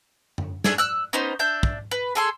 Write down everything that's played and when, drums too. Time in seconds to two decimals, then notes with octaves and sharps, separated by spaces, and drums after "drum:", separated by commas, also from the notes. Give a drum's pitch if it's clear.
0.38 drum: tom F#2
0.64 A3 D4 G#4, drum: snare
0.78 E6 F#6
1.13 B3 C#4 D#4 C5
1.39 D4 E5 G6
1.63 drum: kick
1.91 B4
2.15 G#4 A4 C6